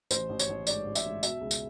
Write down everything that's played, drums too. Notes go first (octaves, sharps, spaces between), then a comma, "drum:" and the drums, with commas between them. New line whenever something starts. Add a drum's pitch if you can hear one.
A1 C5, drum: tambourine
A1
C#5, drum: tambourine
A1
G#2 D5, drum: tambourine
A1
E5, drum: tambourine
G#2
B2 E5, drum: tambourine
C#2
drum: tambourine